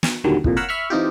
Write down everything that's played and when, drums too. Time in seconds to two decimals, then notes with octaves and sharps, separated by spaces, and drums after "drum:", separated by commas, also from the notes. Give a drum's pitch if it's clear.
0.03 drum: snare
0.24 D#2 A#2 D3 F#3 G3
0.44 C2 F2 A#2, drum: kick
0.57 A#4 C#5 F5 F#5 B5 E6
0.69 E5 B5 C#6 F6
0.90 E3 C4 D#4 F4 G4